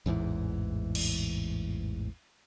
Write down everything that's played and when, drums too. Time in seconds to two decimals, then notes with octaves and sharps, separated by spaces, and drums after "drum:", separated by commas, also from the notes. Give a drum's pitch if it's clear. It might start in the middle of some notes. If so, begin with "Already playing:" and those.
0.06 A1 E2 G#2 E3
0.95 drum: cymbal